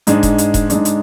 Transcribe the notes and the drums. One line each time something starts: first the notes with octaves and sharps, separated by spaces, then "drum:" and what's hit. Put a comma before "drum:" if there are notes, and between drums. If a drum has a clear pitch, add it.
G#2 G#3 D4, drum: hi-hat
drum: kick E1, hi-hat
drum: hi-hat
drum: kick E1, hi-hat
G#2 G#3 D4, drum: hi-hat
drum: hi-hat